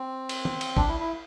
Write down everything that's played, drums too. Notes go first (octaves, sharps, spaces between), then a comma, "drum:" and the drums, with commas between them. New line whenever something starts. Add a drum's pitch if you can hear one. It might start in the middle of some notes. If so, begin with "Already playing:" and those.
Already playing: C4
drum: cymbal
drum: tom
drum: cymbal
D4, drum: kick
E4
E4